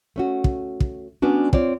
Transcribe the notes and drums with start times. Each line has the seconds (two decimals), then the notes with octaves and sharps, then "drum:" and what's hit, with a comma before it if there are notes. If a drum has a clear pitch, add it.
0.16 A3 C#4 F#4
0.44 drum: kick
0.80 drum: kick
1.22 G3 B3 C#4 D4 F#4
1.53 C4 F4 C#5 D5, drum: kick